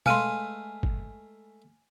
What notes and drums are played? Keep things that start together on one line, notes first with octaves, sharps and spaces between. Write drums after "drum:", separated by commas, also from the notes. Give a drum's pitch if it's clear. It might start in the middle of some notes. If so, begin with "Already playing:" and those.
G#3 A3 B4 F5 G#5 C6 F6 D#7, drum: tom B2
drum: kick